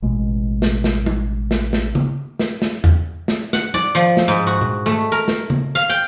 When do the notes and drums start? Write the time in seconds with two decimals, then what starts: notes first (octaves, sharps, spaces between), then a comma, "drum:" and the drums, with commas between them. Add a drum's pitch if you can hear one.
0.02 A1 B2 G#3
0.62 drum: snare
0.84 drum: snare
1.06 drum: tom
1.51 drum: snare
1.73 drum: snare
1.95 drum: tom C#3
2.39 drum: snare
2.62 drum: snare
2.84 drum: tom E2
3.28 drum: snare
3.53 F#5, drum: snare
3.74 D5, drum: tom
3.95 F3
4.17 drum: snare
4.28 G#2
4.47 F#4
4.61 drum: tom A#2
4.86 A3
5.12 A#4
5.28 drum: snare
5.50 drum: tom C#3
5.75 F5
5.89 G5